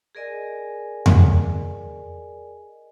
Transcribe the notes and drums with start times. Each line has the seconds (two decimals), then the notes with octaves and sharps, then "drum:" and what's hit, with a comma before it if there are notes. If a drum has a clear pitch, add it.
0.15 G#4 A#4 D5 D#5 G#5
1.06 drum: tom E2